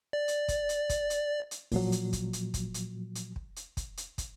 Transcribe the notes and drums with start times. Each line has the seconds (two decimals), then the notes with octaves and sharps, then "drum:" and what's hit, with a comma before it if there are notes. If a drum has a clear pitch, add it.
0.13 D5
0.28 drum: hi-hat
0.48 drum: kick, hi-hat
0.69 drum: hi-hat
0.89 drum: kick, hi-hat
1.10 drum: hi-hat
1.51 drum: hi-hat
1.72 A#2 F3 F#3, drum: kick, open hi-hat
1.92 drum: hi-hat
2.13 drum: kick, hi-hat
2.33 drum: hi-hat
2.54 drum: kick, hi-hat
2.74 drum: hi-hat
3.15 drum: hi-hat
3.36 drum: kick
3.56 drum: hi-hat
3.77 drum: kick, hi-hat
3.97 drum: hi-hat
4.18 drum: kick, hi-hat